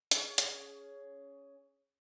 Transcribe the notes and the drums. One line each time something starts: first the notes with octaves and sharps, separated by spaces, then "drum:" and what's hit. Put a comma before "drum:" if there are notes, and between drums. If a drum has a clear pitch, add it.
C#4 G#4, drum: hi-hat
drum: hi-hat